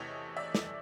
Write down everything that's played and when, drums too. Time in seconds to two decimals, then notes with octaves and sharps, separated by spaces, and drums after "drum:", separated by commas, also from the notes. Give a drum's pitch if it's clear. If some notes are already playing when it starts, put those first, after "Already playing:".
Already playing: E2 C3 E3 A3 C#5 D#5
0.37 D5 E5
0.55 drum: snare